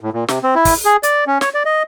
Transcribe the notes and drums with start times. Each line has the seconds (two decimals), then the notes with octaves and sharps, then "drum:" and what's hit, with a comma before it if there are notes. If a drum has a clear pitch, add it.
0.01 A2
0.13 A#2
0.28 C3, drum: snare
0.43 C4
0.55 E4
0.65 drum: kick, open hi-hat
0.85 G#4
1.03 D5, drum: hi-hat
1.27 C#4
1.41 C#5, drum: snare
1.54 D5
1.65 D#5